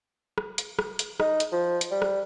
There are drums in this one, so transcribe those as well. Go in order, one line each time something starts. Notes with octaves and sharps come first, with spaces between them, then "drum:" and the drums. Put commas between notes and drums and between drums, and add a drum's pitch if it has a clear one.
drum: rim click
drum: hi-hat
drum: rim click
drum: hi-hat
D#4, drum: rim click
drum: hi-hat
F3
drum: hi-hat
G3
drum: rim click